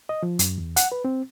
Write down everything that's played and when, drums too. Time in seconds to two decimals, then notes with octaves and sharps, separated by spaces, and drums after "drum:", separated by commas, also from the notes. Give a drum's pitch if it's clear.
0.09 D#5
0.23 F3
0.39 F#2, drum: hi-hat
0.58 E2
0.76 F#5, drum: hi-hat
0.92 B4
1.05 C4